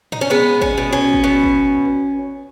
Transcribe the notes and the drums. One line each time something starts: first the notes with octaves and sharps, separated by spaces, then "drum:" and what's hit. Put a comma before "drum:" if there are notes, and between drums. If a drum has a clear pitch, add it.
D#4, drum: tom G#2
C#4
G#3 B3
C#4, drum: kick
B2
C#4
drum: kick
B2
drum: kick